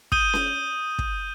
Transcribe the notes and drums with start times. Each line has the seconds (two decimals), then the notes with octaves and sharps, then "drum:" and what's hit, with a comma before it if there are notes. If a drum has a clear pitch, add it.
0.12 D#6 G6 D#7 G7, drum: kick
0.33 drum: snare C#4
0.99 drum: kick